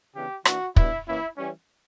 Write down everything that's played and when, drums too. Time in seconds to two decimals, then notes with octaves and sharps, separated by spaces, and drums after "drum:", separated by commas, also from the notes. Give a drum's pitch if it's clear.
0.15 C#3 E3 B3 D4 G4
0.45 E3 A#3 D4 F#4, drum: rim click
0.76 B2 G3 B3 D4 E4, drum: kick
1.07 E3 A#3 C#4 E4
1.38 E3 G3 C#4